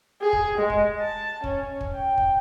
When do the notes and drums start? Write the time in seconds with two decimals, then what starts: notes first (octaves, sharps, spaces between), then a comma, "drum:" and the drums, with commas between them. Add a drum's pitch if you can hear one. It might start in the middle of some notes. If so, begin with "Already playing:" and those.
0.22 G#4
0.33 drum: kick
0.58 G#3
0.70 drum: kick
1.00 A5
1.44 C#4, drum: kick
1.81 drum: kick
1.95 G5
2.18 drum: kick